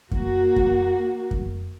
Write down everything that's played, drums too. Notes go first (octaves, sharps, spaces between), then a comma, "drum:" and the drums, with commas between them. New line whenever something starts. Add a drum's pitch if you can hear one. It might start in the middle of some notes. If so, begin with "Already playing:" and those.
A#3 F#4, drum: kick F#2
drum: kick F#2
drum: kick F#2